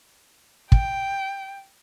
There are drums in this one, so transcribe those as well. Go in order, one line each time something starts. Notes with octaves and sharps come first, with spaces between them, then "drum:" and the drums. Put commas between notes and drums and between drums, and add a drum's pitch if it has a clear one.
G5, drum: kick